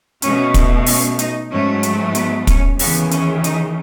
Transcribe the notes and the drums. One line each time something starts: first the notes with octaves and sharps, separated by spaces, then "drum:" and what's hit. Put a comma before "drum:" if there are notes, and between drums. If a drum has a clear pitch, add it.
B2 A3 C#4, drum: hi-hat
drum: kick, hi-hat
C#4, drum: open hi-hat
D#4, drum: hi-hat
G#2 F#3 A3 C#4
drum: hi-hat
B3, drum: hi-hat
C#4, drum: kick, hi-hat
D#2 C#3 E3 B3, drum: open hi-hat
C#4, drum: hi-hat
D#4, drum: hi-hat